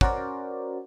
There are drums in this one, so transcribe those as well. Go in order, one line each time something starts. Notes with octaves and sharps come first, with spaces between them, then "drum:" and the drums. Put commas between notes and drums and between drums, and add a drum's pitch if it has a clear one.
C#4 F#4 A#4 C5 D5, drum: kick